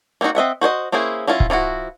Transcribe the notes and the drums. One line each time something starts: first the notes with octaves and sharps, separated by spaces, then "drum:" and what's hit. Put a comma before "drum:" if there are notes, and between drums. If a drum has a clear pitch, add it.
A#3 C4 C#4 D#4 F#4
C4 D#5 E5 F#5
F#4 C5 C#5 D#5
A#3 C#4 E4 G#4 C5
F#3 C#4 E4 F4
drum: kick
F3 D4 E4 F#4